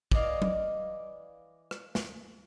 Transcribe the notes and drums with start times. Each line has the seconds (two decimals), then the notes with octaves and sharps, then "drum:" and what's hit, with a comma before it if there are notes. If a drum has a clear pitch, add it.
0.12 E3 D5 D#5 F5, drum: kick
0.42 drum: tom
1.71 drum: rim click
1.95 drum: snare